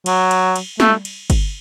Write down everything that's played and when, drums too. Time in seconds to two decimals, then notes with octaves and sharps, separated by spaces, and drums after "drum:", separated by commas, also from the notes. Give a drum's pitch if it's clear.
0.06 F#3, drum: cymbal
0.31 drum: cymbal
0.56 drum: cymbal
0.80 A3, drum: snare
1.05 drum: cymbal
1.30 drum: kick G1, cymbal